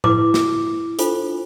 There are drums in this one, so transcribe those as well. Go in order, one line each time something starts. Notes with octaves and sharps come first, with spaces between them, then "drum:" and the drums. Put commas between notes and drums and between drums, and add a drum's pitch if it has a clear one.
E4 B4 D6, drum: tom A2
drum: snare
D4 F4 A4 C5, drum: hi-hat